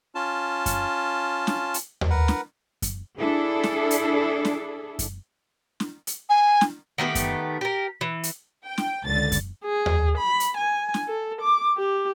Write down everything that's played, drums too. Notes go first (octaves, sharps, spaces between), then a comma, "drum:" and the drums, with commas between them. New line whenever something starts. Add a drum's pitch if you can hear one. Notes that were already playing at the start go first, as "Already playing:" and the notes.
C#4 F4 A5
drum: kick F#2, hi-hat
drum: snare
drum: hi-hat
drum: tom D#2
A#4 B4 F#5
drum: snare
drum: kick F#2, hi-hat
D4 E4 G#4 A4
drum: snare
drum: hi-hat
drum: snare
drum: kick F#2, hi-hat
drum: snare
drum: hi-hat
G#5
drum: snare
D#3 A3 B3 G4
drum: kick F#2, hi-hat
G4 A#4
E3
drum: hi-hat
G5
drum: snare
C#2 D3 A6
drum: kick F#2, hi-hat
G#4
drum: tom D#2
B5
drum: hi-hat
G#5
drum: snare
A4
D6
G4